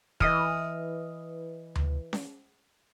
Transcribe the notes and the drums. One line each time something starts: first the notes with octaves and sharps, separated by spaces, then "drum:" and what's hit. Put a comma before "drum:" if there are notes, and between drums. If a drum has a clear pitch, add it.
E3 D#5 D#6 F6, drum: kick
drum: tom D2
drum: snare C#4